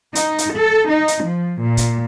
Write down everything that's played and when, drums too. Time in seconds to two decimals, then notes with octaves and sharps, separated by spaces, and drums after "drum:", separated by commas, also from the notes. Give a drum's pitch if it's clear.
0.15 D#4, drum: hi-hat
0.38 drum: hi-hat
0.56 A4
0.90 D#4
1.08 drum: hi-hat
1.26 F3
1.62 A#2
1.77 drum: kick, hi-hat